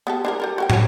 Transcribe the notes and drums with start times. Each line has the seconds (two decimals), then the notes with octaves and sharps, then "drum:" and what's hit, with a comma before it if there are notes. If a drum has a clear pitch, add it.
0.07 B3 G4 A4
0.25 D4 E4 A#4
0.40 G4 A4 A#4
0.58 F#4 A#4 G5
0.70 F#3 A3 C#5, drum: tom